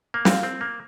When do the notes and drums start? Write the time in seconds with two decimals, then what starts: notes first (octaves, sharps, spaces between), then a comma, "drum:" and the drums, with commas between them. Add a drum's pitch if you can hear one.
0.14 A#3
0.25 C4 F4, drum: snare
0.43 C4
0.61 A#3